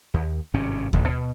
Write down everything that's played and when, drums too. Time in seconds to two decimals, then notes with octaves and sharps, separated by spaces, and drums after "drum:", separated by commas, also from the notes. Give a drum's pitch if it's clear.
0.14 D#2
0.54 G#1 G2 C3 C#4
0.93 D#1 A1 D#3, drum: kick D#2
1.08 B2